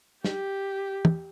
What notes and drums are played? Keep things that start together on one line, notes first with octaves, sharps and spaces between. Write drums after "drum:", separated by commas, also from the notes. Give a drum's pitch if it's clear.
G4, drum: snare
drum: tom